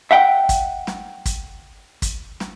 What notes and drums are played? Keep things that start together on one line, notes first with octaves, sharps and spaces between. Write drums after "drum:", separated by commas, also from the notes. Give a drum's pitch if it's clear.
E5 F#5 G5
drum: kick, hi-hat
drum: snare
drum: kick, hi-hat
drum: kick, hi-hat
drum: snare